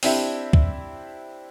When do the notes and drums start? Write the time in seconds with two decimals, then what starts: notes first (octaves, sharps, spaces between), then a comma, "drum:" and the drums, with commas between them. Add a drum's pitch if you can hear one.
0.03 C4 D4 E4 G4 E5, drum: open hi-hat
0.53 drum: kick